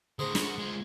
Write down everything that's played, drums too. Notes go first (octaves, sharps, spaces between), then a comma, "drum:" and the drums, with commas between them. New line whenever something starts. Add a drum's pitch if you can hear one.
A2 D3 G#4 C5 A#5
F#4 A#4, drum: snare
G#3 F4